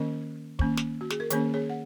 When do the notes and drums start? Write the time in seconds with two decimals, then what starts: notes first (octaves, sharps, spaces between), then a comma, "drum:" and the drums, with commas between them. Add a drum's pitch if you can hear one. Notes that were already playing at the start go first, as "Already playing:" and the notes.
Already playing: D#3 A#3 C#4 A#4 D#5
0.59 D#3 A#3 C#4, drum: kick
0.77 drum: snare
1.01 F#4
1.10 G#4, drum: snare
1.20 A#4
1.30 D#3 A#3 C#4 G#4 C#5, drum: hi-hat
1.54 G#4 C#5
1.70 F#5